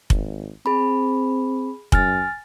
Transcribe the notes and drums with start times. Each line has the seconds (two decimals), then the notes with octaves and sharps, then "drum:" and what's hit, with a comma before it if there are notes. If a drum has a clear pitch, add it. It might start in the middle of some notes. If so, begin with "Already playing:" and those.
0.10 G#1, drum: kick F1
0.66 C4 G#4 B5
1.92 F#2 G#5 F6 A6, drum: kick F1